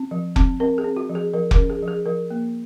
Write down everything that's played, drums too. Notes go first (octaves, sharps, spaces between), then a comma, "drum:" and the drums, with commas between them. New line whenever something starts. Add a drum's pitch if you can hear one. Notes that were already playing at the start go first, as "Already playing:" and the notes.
Already playing: C4
F3
C4, drum: kick F1
C4 A#4
G#4
C4
F#4
F3
G#4
F3 A#4
A#4, drum: kick F1
C#4
G#4
F3
G#4
F3 A#4
A#3